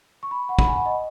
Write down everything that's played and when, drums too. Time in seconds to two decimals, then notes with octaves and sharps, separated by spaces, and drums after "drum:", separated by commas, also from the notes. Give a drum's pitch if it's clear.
0.23 C#6
0.31 B5
0.49 F#5
0.59 B5, drum: kick
0.67 G#5
0.76 F#5
0.86 D#5